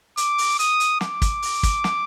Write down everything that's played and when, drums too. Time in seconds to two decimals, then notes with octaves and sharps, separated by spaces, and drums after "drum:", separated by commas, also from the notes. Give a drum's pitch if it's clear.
0.17 D6, drum: hi-hat
0.38 drum: open hi-hat
0.59 D#6, drum: hi-hat
0.80 drum: hi-hat
1.01 D6, drum: snare
1.22 drum: kick, hi-hat
1.42 drum: open hi-hat
1.63 drum: kick, hi-hat
1.84 drum: snare